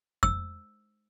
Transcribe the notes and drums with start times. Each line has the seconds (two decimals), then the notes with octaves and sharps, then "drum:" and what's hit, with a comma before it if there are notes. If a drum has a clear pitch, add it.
0.23 E6, drum: kick F2